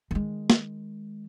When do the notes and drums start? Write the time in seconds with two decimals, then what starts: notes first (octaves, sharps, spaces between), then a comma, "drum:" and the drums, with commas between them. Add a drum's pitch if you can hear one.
0.11 D#3 G#3
0.50 drum: snare